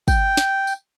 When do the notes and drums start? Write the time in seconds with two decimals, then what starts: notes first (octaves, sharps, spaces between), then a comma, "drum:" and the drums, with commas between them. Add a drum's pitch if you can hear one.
0.08 G5, drum: kick, tambourine
0.37 drum: snare
0.67 drum: tambourine